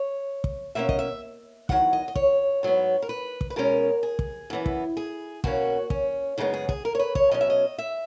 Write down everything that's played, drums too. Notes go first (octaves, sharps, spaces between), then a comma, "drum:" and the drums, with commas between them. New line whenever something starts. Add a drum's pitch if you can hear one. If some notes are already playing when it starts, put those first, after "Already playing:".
Already playing: C#5
drum: kick
B2 A#3 C#4 E5
D#5, drum: kick
E5
E2 D#3 F#3 F#5, drum: kick
D#5
D#5
C#5, drum: kick
G#2 F#3 B3
A#4
B4
drum: kick
B4
B2 G#3 C#4 A#4
G#4
drum: kick
F#2 E3 B3
drum: kick
G#4
B2 A#3 C#4 F#4, drum: kick
C#4, drum: kick
F#2 C#3 G#3 B3 D#4
G#4
G#4, drum: kick
A#4
C#5
B4
C#5, drum: kick
B2 F#3 C#4 D#5
E5
D#5
E5